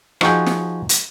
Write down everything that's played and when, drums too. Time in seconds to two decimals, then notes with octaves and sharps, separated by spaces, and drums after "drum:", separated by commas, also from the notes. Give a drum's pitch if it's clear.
0.21 F3 D#4 F#4 G#4 G5, drum: rim click
0.46 drum: snare
0.89 drum: hi-hat